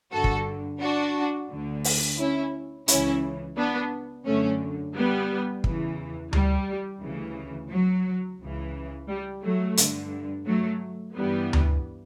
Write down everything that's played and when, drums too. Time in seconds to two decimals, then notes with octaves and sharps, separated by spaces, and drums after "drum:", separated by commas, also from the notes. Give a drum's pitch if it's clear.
0.12 G2 D3 F#4 A4
0.24 drum: kick
0.81 D4 F#4
1.50 D2 D3
1.84 drum: open hi-hat
2.19 C#4 E4
2.88 C#2 C#3 E3 C#4 E4, drum: hi-hat
3.57 B3 D4
4.26 F#2 D3 A3 C#4
4.95 G3 B3
5.64 E2 C#3 E3, drum: kick
6.33 G3, drum: tom D2
7.01 D2 C#3 E3
7.70 F#3
8.40 C#2 C#3 E3
9.08 G3
9.43 F#3 A3
9.77 G2 D3, drum: hi-hat
10.46 F#3 A3
11.15 G2 E3 G3 B3
11.53 drum: tom D2